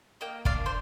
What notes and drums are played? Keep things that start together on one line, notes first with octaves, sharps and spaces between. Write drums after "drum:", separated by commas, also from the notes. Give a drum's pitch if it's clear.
A#3 D#5 G5
D4 D5 F5, drum: kick
C5